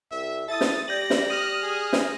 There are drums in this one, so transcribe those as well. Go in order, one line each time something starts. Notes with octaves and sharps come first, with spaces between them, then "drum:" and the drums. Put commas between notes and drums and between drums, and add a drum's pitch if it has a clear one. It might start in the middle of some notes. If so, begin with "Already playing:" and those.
C2 E5
E4 A4 D#6 A6
drum: snare
G3 D5 G6 A#6 F#7
drum: snare
D#6 F6 A#6 D#7 F#7
G#4
drum: snare